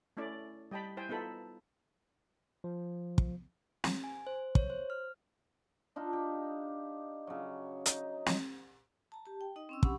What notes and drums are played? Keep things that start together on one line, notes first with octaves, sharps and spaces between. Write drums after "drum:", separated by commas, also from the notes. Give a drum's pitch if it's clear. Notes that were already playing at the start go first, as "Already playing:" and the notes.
A3 C#4 E4 D5
G3 D#5 G5 A5 B5
E4 C5 G5 G#5
B3 D#4 F4 A4 B5
F3
drum: kick
drum: snare
G#5
C5
C#5, drum: kick
C5
F6
D4 D#4 F4 D#5
G4
C#3 F#3
D#4, drum: hi-hat
drum: snare
A5 A#5
G4 A5
G5
D#4 D#5 G5
C4 C#4 E6
D4 G4 F#5 B5 C#6, drum: kick